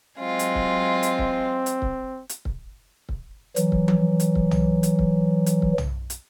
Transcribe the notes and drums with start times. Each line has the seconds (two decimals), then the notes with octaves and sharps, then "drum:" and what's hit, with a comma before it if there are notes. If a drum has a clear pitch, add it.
0.19 F#3 G#3 C4 F4
0.39 drum: hi-hat
0.55 drum: kick C#1
1.03 drum: hi-hat
1.18 drum: kick C#1
1.66 drum: hi-hat
1.82 drum: kick C#1
2.29 drum: hi-hat
2.45 drum: kick C#1
3.09 drum: kick C#1
3.56 E3 F#3, drum: hi-hat
3.72 drum: kick C#1
3.88 drum: tom F3
4.20 drum: hi-hat
4.35 drum: kick C#1
4.51 drum: tom
4.83 drum: hi-hat
4.99 drum: kick C#1
5.46 drum: hi-hat
5.62 drum: kick C#1
5.78 drum: tom
6.10 drum: hi-hat